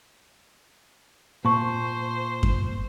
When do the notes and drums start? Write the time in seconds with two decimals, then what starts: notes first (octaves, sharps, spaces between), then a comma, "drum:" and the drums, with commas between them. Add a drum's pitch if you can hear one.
1.45 A#2 C5 A5 C#6
2.43 drum: kick F#2